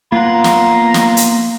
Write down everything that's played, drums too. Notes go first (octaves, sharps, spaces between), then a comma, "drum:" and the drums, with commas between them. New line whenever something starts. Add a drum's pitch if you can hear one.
A#3 B3 F4 F#5 A#5
drum: snare
drum: snare
drum: hi-hat